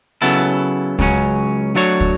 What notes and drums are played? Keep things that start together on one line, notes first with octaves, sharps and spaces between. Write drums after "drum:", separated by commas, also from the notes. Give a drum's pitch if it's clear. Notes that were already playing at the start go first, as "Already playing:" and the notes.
C#3 F#3 B3 E4 A4
C#2 C#3 F#3 C#4, drum: kick
F#3 A3 D4 F#4 C#5
drum: kick